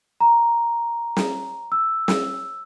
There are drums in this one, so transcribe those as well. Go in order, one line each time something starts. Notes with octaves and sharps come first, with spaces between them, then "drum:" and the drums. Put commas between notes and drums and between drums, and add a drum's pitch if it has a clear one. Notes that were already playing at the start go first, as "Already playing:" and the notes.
A#5
drum: snare
E6
drum: snare